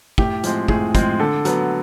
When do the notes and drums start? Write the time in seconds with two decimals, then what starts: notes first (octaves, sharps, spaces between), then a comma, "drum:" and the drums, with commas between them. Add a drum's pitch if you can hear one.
0.18 A2 G4, drum: kick
0.43 F3 G#3 C4, drum: hi-hat
0.68 A2 G#4, drum: kick
0.95 F3 G#3 C4, drum: kick, hi-hat
1.20 D3 A4
1.45 F#3 B3, drum: hi-hat